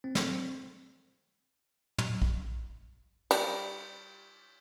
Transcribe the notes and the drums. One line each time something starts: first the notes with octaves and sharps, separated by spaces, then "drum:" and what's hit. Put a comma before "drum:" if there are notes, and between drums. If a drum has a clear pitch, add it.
C4
drum: snare
drum: tom
drum: kick A#1
G3, drum: cymbal